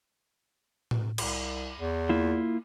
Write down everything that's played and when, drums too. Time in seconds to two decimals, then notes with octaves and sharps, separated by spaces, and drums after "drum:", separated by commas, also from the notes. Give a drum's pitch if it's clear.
0.91 drum: tom A2
1.18 C2, drum: cymbal
1.79 E2
2.09 A#3 E4 F4